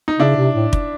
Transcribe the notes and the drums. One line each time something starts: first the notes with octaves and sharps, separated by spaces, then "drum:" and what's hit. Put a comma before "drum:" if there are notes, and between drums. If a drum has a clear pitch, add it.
D#4
C#3 D4 E4
C3
A2
drum: kick